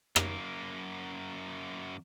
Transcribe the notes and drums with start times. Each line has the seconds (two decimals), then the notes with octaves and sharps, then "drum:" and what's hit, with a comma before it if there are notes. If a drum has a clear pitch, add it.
0.16 F#2 A#3, drum: rim click